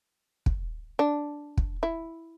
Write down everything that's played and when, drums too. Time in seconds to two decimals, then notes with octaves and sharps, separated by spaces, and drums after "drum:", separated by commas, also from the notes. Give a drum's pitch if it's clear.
0.46 drum: kick
0.99 D4
1.57 drum: kick
1.83 E4